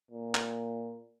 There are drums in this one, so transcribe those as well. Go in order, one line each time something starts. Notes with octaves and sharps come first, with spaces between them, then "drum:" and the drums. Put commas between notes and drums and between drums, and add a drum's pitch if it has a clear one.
A#2
drum: clap